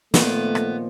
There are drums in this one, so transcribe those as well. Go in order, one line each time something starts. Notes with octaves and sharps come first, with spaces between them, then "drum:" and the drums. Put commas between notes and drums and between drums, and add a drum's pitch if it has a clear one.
A#2 D#3 F3 A3 B3, drum: snare
drum: rim click